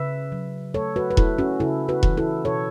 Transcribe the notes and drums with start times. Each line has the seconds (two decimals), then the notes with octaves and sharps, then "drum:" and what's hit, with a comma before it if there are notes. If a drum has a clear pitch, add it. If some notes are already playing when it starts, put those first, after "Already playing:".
Already playing: C#3 B4 E5
0.32 F#3
0.74 A3 A4 C#5
0.96 F#4 B4
1.11 B4
1.17 A3 E4 A4, drum: kick E1
1.38 C#4 F#4
1.60 C#3 E4 A4
1.89 F#4 B4
2.03 E3, drum: kick E1
2.17 E4 A4
2.45 B2 A4 C#5